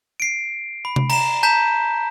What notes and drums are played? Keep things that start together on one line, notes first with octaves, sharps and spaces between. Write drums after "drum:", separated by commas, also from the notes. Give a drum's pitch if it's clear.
C7 D7
B5
drum: tom C3
A#5 E7, drum: cymbal
A5 A#5 G6 B6 E7